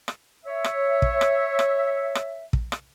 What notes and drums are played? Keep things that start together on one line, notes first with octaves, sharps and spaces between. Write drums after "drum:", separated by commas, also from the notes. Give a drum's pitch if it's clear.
drum: rim click
C#5 E5
drum: rim click
drum: kick
drum: rim click
drum: rim click
drum: rim click
drum: kick
drum: rim click